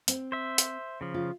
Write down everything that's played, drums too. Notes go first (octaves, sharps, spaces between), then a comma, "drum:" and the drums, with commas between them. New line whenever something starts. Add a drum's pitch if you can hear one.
C4, drum: hi-hat
C5 E5
drum: hi-hat
C#3 F3
F4